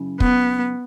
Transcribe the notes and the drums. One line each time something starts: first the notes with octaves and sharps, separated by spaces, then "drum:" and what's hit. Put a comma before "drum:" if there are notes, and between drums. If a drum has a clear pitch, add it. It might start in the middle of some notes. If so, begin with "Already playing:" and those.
Already playing: F#2 C#3 E4
B3, drum: kick